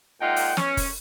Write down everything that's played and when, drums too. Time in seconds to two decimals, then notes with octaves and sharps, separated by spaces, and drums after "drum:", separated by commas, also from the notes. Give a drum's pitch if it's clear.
0.21 A#2 G#3 D#4 F4 F#5 G5
0.36 drum: open hi-hat
0.57 C#4, drum: snare
0.77 drum: kick F1, open hi-hat